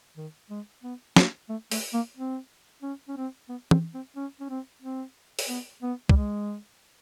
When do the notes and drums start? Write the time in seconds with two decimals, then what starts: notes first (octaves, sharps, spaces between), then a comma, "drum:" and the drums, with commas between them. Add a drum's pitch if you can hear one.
0.17 D#3
0.50 G#3
0.84 B3
1.16 A#3, drum: snare
1.49 A3
1.71 A3, drum: open hi-hat
1.94 A#3
2.17 C4
2.82 C#4
3.08 C#4
3.17 C4
3.49 B3
3.71 C4, drum: tom
3.94 C4
4.16 C#4
4.40 C#4
4.50 C4
4.82 C4
5.39 drum: open hi-hat
5.49 B3
5.83 B3
6.09 G3, drum: kick
6.16 G#3